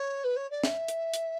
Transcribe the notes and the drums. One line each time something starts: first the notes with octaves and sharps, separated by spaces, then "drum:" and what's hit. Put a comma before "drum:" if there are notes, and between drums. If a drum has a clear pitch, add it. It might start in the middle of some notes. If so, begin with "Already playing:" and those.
Already playing: C#5
B4
C#5
D5
E5, drum: snare
drum: hi-hat
drum: hi-hat